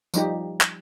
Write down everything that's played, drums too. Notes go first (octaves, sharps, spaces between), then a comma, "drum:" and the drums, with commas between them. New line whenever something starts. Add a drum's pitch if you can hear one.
F3 G3 D#4 G4, drum: tambourine
drum: clap